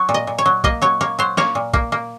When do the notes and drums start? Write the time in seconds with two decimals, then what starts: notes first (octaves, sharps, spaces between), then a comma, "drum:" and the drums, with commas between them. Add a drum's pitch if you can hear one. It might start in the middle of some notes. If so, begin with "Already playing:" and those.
Already playing: F#3 C#5
0.09 A#2
0.14 D#5
0.27 A#2
0.38 C#5
0.46 F#3
0.64 A#3 D#5, drum: kick
0.82 F#3 C#5
1.01 A#3 C#5
1.19 F#3 C5
1.37 A#3 C#5, drum: snare
1.55 A#2
1.73 A#3, drum: kick
1.92 A#3